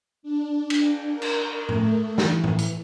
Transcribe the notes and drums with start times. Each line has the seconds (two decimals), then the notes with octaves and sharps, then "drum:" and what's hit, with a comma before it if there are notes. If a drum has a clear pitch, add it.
0.23 D4
0.70 drum: cymbal
1.10 A#4
1.22 drum: cymbal
1.69 A3, drum: tom A2
2.18 E3, drum: snare
2.44 drum: tom A2
2.59 drum: hi-hat